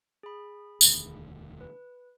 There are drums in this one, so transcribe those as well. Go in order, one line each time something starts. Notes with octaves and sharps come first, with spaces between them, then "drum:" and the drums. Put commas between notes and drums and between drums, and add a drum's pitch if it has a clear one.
G#4 B5
E1 D2 D#3, drum: tambourine
B4